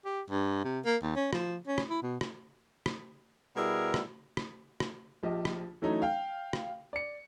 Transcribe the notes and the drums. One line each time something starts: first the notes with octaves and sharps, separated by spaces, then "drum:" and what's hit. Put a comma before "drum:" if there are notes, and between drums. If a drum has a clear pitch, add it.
G4
G2
C3
A#3
D#2
C#4
F3, drum: rim click
C#4
drum: rim click
E4
B2
drum: rim click
drum: rim click
B2 G3 E4 G#4 A#4
drum: rim click
drum: rim click
drum: rim click
A#1 F3 G4 D#5
drum: rim click
E3 F#3 A3 C#4 D#4
F5 G5
drum: rim click
D5 C#7